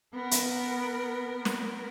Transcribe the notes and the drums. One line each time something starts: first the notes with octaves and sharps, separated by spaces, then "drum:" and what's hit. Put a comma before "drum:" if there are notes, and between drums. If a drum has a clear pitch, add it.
B3 A#4
drum: hi-hat
drum: snare